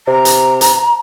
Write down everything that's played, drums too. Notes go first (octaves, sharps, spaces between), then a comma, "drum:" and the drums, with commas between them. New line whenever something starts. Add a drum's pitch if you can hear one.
C3 A#5
drum: hi-hat
drum: hi-hat